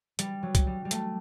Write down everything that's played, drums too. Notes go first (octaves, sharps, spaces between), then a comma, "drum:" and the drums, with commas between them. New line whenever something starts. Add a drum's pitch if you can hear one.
G3, drum: hi-hat
F#3
drum: kick C2, hi-hat
G3
G3
A3, drum: hi-hat